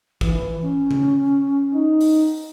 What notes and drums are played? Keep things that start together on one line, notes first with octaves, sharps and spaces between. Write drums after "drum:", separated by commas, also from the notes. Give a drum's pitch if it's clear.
E3, drum: kick
C#4
drum: tom C#3
D#4
drum: open hi-hat